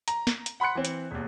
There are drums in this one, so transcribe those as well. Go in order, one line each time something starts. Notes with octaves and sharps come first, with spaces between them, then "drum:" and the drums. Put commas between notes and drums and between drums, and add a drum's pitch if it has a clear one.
A#5, drum: hi-hat
drum: snare
drum: hi-hat
F#5 B5 C6 F#6 C#7
E3 C4
drum: hi-hat
E1 D#2